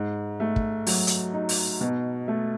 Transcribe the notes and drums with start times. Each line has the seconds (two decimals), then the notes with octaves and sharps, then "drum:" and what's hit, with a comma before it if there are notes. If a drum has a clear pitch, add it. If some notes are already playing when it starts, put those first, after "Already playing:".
Already playing: G#2
0.40 A3
0.56 drum: kick
0.87 F#3, drum: open hi-hat
1.07 drum: hi-hat
1.34 D#4
1.49 drum: open hi-hat
1.81 B2
2.28 A3